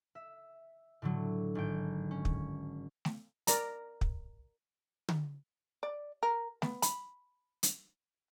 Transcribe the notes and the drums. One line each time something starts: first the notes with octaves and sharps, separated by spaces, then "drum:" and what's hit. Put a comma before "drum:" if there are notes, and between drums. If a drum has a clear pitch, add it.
E5
A2 D3 F#3
G#1 G5
C#4
drum: kick
drum: snare A3
A#4 D5 A#5, drum: hi-hat
drum: kick
drum: tom D3
D5
A#4
B3, drum: snare A3
B5, drum: hi-hat
drum: hi-hat